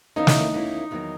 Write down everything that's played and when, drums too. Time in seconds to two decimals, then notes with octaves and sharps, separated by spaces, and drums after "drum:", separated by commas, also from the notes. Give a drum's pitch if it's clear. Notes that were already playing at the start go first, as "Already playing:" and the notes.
0.16 E2 D#3 A#3 C#4 D#4 E4
0.27 drum: snare
0.53 E2 D#3 A#3 C#4 E4
0.91 E2 D#3 F#3 A#3